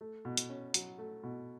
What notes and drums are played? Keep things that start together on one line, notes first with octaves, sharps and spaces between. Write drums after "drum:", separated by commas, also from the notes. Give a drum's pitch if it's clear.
A3
B2
drum: hi-hat
C#4
F#3, drum: hi-hat
A3
B2